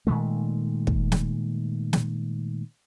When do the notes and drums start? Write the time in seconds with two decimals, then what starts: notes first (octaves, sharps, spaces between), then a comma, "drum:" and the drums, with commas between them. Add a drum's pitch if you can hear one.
0.07 A#2 D#3 G#3 A3
0.87 drum: kick
1.12 drum: snare
1.93 drum: snare